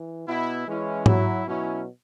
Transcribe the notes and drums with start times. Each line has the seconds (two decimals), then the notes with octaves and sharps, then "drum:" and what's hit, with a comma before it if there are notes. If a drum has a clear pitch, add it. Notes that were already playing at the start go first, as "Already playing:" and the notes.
Already playing: E3
0.27 B2 B3 E4
0.66 E3 G#3 C#4 E4
1.06 F#3 E4, drum: tom G#2
1.46 B2 F#3 C#4 E4